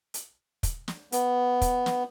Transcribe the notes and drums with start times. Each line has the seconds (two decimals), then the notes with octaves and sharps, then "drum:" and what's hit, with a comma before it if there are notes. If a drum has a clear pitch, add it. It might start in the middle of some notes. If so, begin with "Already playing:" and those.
0.14 drum: hi-hat
0.63 drum: kick, hi-hat
0.88 drum: snare
1.12 B3, drum: hi-hat
1.61 drum: kick, hi-hat
1.86 drum: snare